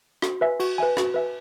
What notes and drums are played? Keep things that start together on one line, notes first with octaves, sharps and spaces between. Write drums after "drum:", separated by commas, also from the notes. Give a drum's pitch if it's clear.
F#4, drum: rim click
B4 E5 G#5
F#4, drum: cymbal
B4 E5 G#5
F#4, drum: rim click
B4 E5 G#5